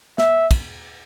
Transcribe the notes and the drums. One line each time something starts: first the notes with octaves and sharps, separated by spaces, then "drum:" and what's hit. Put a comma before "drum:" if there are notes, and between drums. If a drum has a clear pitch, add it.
E5, drum: snare
drum: kick, cymbal